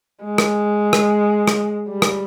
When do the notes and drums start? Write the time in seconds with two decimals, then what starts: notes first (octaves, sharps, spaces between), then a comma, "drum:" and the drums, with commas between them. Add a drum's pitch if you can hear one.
0.24 G#3
0.38 drum: rim click
0.93 drum: rim click
1.48 drum: rim click
1.89 G3
2.02 drum: rim click